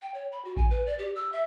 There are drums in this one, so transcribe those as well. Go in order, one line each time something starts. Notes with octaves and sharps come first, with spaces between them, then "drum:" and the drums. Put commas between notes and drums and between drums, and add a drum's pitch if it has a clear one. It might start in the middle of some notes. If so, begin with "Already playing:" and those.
G5
C#5
B5
F#4
G#5, drum: kick A1
B4
D5
G4
E6
E5